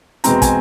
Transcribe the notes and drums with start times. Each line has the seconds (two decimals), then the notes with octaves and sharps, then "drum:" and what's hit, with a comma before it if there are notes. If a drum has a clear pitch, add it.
0.24 E2 B2 G#3 C4 A#5, drum: hi-hat
0.42 G#5, drum: kick, hi-hat